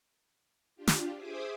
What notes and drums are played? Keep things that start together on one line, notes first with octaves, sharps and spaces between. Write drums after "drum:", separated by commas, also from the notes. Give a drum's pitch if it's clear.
D4 F4 G4
drum: snare
G#4 C5 E5 G#5 D6 D#6